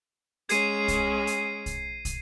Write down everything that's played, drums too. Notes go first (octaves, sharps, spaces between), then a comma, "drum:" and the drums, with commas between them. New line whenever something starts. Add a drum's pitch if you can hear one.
G#3 C#4 G#6 C7 D#7, drum: hi-hat
drum: kick, hi-hat
drum: hi-hat
drum: kick, hi-hat
drum: kick, hi-hat